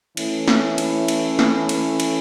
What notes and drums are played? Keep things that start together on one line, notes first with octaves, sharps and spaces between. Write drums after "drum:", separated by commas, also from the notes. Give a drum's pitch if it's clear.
E3 A3 C#4 E4, drum: cymbal
drum: snare
drum: cymbal
drum: cymbal
drum: snare
drum: cymbal
drum: cymbal